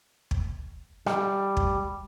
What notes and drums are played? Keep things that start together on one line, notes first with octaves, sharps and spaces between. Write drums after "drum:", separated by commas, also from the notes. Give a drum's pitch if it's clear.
drum: kick
G3, drum: rim click
drum: kick